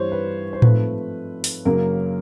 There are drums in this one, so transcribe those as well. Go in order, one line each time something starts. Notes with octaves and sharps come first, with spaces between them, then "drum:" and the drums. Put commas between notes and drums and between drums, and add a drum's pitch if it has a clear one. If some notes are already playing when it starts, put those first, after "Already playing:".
Already playing: G2 E3 G3 C5 C#5
B4
C5
G#2 F3 A3 C4 B4, drum: tom A2
drum: open hi-hat
F#2 C#3 F#3 A#3 A#4